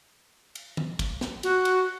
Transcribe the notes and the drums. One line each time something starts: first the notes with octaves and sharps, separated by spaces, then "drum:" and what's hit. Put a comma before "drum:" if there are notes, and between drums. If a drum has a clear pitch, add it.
drum: cymbal
drum: tom D#3
drum: kick, cymbal
drum: snare
F#4, drum: cymbal
drum: cymbal